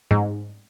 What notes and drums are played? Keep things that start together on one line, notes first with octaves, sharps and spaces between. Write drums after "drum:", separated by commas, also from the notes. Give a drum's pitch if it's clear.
G#2, drum: tom